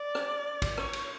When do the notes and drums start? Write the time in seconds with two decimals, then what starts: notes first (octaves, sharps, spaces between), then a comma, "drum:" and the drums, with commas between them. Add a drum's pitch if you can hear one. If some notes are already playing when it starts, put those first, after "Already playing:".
Already playing: D5
0.15 drum: rim click
0.62 drum: kick, cymbal
0.77 C#5, drum: rim click
0.93 drum: cymbal